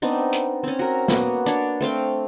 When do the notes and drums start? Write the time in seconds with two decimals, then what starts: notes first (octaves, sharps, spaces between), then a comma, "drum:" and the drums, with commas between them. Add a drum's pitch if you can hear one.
0.02 B3 C4 D4 D#4
0.33 drum: hi-hat
0.63 C4 C#4
0.79 F#4 A#4
1.08 A#3 B3 F#4, drum: snare
1.46 D4 C#5, drum: hi-hat
1.81 A3 C4 F5 G5